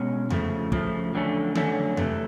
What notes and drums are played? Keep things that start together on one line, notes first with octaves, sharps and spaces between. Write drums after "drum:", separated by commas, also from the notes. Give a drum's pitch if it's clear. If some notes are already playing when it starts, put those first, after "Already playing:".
Already playing: B2 G#3 C#4
C#3 F3 A3, drum: tom E2
C#3 F3 A3, drum: kick
F2 D3 F#3 A3 C#4
F2 D3 F#3 A3 C#4, drum: tom D3
C3 E3 A3, drum: tom E2